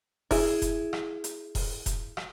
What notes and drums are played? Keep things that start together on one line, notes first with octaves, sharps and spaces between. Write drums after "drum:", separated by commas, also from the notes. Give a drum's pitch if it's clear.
E4 G#4, drum: kick E1, open hi-hat
drum: kick E1, hi-hat
drum: rim click
drum: hi-hat
drum: kick E1, open hi-hat
drum: kick E1, hi-hat
drum: rim click